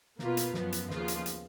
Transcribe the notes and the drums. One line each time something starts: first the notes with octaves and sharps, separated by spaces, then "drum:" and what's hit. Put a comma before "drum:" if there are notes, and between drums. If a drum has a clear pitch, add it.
B2 A#3 F4 B4, drum: snare
drum: hi-hat
F#2 F3 B3, drum: snare
drum: hi-hat
D#2 C#3 F3 B3 F4, drum: snare
drum: hi-hat
drum: hi-hat